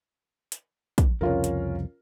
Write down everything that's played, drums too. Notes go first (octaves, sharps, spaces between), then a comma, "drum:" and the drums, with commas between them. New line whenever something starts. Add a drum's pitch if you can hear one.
drum: hi-hat
drum: kick, hi-hat
C2 F2 C#3 C#4 F4 A#4
drum: hi-hat